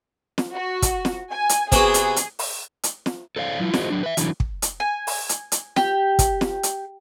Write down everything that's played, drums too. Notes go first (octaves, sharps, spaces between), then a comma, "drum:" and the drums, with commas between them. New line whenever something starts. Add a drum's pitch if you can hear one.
drum: snare
F#4
drum: kick, hi-hat
drum: snare
G#5
drum: hi-hat
C3 B3 F#4 G#4, drum: kick, hi-hat
drum: hi-hat
drum: hi-hat
drum: open hi-hat
drum: hi-hat
drum: snare
A4 C5 D5 F5
F#3 E4 F4
E4 F#4 G#4 C5 C#5 D#5, drum: snare
F#3 D4
B4 E5
E3 F#3 D4 E4, drum: hi-hat
drum: kick
drum: hi-hat
G#5
drum: open hi-hat
drum: hi-hat
drum: hi-hat
G4, drum: snare
drum: kick, hi-hat
drum: snare
drum: hi-hat